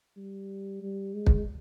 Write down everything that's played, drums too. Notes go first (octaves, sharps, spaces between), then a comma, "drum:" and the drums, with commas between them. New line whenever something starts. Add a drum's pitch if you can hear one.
G3
G3
G#3
drum: kick